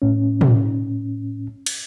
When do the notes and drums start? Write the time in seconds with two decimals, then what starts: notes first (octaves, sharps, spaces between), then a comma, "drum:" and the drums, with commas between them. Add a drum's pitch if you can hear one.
0.02 A2 C#4
0.41 drum: tom
1.66 drum: cymbal